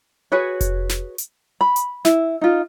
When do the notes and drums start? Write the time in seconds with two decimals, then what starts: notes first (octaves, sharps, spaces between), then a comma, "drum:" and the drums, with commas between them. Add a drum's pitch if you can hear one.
0.32 F#4 G#4 B4 C#5
0.61 drum: kick F1, hi-hat
0.89 drum: snare
1.18 drum: hi-hat
1.61 B5
1.76 drum: hi-hat
2.05 E4, drum: snare
2.41 D#4 F4